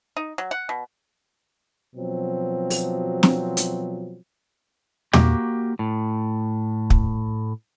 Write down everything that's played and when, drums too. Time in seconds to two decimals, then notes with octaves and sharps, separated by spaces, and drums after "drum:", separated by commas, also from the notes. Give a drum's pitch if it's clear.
0.17 D#4
0.38 F#3
0.51 F#5
0.69 B2
1.95 B2 F3 F#3 C4
2.70 drum: open hi-hat
3.23 drum: snare
3.57 drum: hi-hat
5.13 A#3 F#4 G4, drum: tom
5.79 A2
6.90 drum: kick